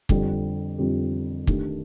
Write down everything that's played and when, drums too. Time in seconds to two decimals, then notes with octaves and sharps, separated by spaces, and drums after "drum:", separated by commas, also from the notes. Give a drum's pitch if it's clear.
0.09 F2 D3 G3 C4 G4, drum: kick
0.78 F2 D3 G3 C4 G4
1.47 D#3 A3 D4 G4, drum: kick